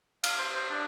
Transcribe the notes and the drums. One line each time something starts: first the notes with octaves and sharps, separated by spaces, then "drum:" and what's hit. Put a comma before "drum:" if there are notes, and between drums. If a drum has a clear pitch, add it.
F5, drum: cymbal
C5
C5
D4